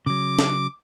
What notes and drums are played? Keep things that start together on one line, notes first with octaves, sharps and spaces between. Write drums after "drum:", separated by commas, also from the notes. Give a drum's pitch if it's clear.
C#3 F#3 D6
drum: snare C#4